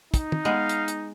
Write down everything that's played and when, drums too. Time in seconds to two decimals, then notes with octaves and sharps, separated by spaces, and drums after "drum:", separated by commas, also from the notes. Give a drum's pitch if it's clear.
0.14 D#4, drum: kick, hi-hat
0.32 drum: tom
0.45 G#3 B3 F5
0.69 drum: hi-hat
0.88 drum: hi-hat